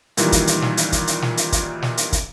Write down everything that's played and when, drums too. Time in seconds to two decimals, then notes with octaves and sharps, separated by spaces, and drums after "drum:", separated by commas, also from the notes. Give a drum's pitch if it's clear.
0.17 A#2 D#3 E3 F#3 G3, drum: hi-hat
0.32 drum: kick, hi-hat
0.47 drum: hi-hat
0.62 drum: snare
0.77 drum: hi-hat
0.92 drum: kick, hi-hat
1.07 drum: hi-hat
1.22 drum: snare
1.37 drum: hi-hat
1.52 drum: kick, hi-hat
1.82 drum: snare
1.97 drum: hi-hat
2.12 drum: kick, hi-hat